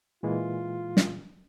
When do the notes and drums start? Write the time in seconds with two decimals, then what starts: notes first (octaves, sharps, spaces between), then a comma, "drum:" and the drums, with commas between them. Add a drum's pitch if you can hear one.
0.23 A#2 E3 G#3 F4
0.97 drum: snare